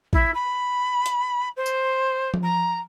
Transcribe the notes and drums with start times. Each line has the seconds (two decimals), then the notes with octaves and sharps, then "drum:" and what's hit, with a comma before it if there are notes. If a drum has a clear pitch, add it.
0.13 E4, drum: kick
0.34 B5
1.06 drum: hi-hat
1.56 C5
1.66 drum: tambourine
2.34 drum: tom F3
2.43 A#5